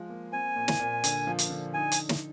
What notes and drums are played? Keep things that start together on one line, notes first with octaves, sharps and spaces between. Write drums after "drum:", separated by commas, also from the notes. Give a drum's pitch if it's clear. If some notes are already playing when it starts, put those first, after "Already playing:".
Already playing: F3 G#3 F4
A#3
C4 G#5
A#2
drum: snare
A#2
D3, drum: hi-hat
F3
drum: hi-hat
D3
D#4 G#5
drum: hi-hat
drum: snare